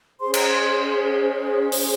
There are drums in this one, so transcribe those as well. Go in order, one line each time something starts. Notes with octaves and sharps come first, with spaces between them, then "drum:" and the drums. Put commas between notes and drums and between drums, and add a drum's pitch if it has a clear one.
C#4 G#4 C5 C6
A#5, drum: cymbal
C6
C6
drum: open hi-hat